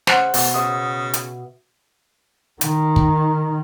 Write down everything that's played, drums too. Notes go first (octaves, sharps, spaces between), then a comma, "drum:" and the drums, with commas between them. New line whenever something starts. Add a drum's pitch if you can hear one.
C#3 C5 F#5, drum: snare
B2 A3, drum: open hi-hat
C#3 E5 D#6
drum: hi-hat
D#3, drum: hi-hat
drum: kick